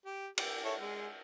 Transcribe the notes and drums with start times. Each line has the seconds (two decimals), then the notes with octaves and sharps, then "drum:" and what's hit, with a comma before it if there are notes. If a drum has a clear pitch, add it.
0.06 G4
0.38 G4, drum: cymbal
0.64 E4 A4 C#5
0.80 G#3